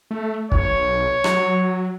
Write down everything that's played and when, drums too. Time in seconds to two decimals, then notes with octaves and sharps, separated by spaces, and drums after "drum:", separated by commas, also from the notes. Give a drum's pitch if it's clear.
0.11 A3
0.52 B1 C#5, drum: kick
1.24 F#3, drum: rim click